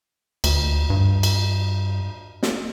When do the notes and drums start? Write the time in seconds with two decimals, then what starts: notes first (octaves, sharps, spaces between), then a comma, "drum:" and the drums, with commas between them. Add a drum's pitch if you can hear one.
0.44 D2, drum: cymbal
0.90 G2
1.23 drum: cymbal
2.43 drum: snare